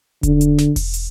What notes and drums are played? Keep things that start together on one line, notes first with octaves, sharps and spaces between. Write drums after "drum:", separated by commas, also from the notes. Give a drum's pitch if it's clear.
D3, drum: kick E1, hi-hat
drum: hi-hat
drum: snare
drum: kick E1, open hi-hat
drum: hi-hat